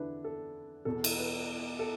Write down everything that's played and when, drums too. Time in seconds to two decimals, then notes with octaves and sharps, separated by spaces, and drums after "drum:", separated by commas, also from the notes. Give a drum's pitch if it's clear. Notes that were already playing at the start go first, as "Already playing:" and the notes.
Already playing: E2 D3 D4 E4 B4
0.24 A4
0.85 E2 B2 A4
1.04 drum: cymbal
1.17 B4
1.79 A4